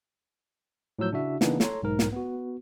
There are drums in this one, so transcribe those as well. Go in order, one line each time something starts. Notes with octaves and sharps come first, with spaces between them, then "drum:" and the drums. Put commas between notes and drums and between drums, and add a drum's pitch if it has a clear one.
A2 F3 F#3 E6 G6
C#3 D4 E4 F#4 E5
C#3 E3 A#3 B3 D4 D#4, drum: snare
A4 C#5 A#5 C6, drum: snare
B1 G#2 A#4
drum: snare
B3 F#4